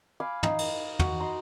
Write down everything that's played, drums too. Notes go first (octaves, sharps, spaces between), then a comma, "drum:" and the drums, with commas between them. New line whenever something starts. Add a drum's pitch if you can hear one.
F5 G#5 B5 D6
D#4 F5, drum: tom
drum: cymbal
F#4, drum: tom
D#4 C6